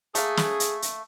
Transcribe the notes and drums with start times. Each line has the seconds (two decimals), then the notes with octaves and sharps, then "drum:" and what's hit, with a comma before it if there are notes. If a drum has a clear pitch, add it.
0.15 A3 A#3 G#4 F5, drum: hi-hat
0.37 drum: snare
0.60 drum: hi-hat
0.82 drum: hi-hat